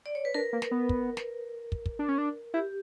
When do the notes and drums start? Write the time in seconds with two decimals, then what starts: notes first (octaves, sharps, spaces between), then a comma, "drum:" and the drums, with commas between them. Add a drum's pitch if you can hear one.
0.06 D5
0.15 C#5
0.25 B4
0.34 D4 A#4
0.53 A#3
0.62 drum: snare
0.71 B3
0.89 drum: kick
1.17 drum: snare
1.72 drum: kick
1.86 drum: kick
1.99 D4
2.09 C#4
2.18 D4
2.54 E4 G4